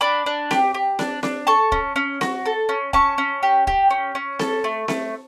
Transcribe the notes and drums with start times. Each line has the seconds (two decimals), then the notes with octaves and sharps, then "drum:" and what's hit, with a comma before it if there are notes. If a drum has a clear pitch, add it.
0.01 D4 B5 D6
0.26 D4
0.51 G4, drum: snare C4
0.74 G4
0.99 D4, drum: snare C4
1.23 D4, drum: snare C4
1.47 A4 A5 C#6
1.72 C#4, drum: kick
1.96 C#4
2.21 F#4, drum: snare C4
2.46 A4
2.69 C#4
2.93 C#4 A5 C#6, drum: kick
3.18 C#4
3.43 G4
3.67 G4, drum: kick
3.90 C#4
4.15 C#4
4.39 A4, drum: snare C4
4.64 A3
4.88 A3, drum: snare C4